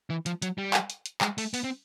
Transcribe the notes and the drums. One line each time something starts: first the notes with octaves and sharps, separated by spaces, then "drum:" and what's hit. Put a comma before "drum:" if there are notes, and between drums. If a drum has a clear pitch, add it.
E3
F3, drum: hi-hat
F#3, drum: hi-hat
G3
drum: clap
drum: hi-hat
drum: hi-hat
G#3, drum: clap
A3, drum: open hi-hat
B3, drum: open hi-hat
C4